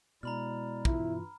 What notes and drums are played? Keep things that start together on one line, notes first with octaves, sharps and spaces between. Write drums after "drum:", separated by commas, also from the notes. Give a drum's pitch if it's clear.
B2 G#3 E4 D5 A#5 B5 F6
G2 E3 E4 F4, drum: kick